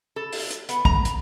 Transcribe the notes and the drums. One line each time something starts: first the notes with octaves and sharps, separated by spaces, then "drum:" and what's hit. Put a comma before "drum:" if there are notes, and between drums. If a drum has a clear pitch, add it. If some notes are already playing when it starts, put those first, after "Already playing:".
A4
drum: open hi-hat
drum: hi-hat
B3, drum: hi-hat
A#5, drum: kick
drum: hi-hat